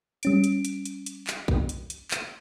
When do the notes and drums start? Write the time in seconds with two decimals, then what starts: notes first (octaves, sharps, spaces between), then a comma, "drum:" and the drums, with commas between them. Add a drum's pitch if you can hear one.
0.23 G3 C#4 D7, drum: hi-hat
0.44 drum: hi-hat
0.65 drum: hi-hat
0.85 drum: hi-hat
1.06 drum: hi-hat
1.27 drum: clap
1.48 drum: kick
1.69 drum: hi-hat
1.90 drum: hi-hat
2.11 drum: clap